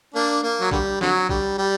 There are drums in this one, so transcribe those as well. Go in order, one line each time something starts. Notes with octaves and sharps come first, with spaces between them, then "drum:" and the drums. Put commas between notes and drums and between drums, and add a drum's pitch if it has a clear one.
A#3 D4
A#3
F#3
D3 G3, drum: kick
D3 F#3, drum: snare
D3 G3, drum: kick
G3